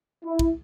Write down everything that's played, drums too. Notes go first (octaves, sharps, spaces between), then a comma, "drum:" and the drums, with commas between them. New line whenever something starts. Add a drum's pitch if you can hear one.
E4
drum: kick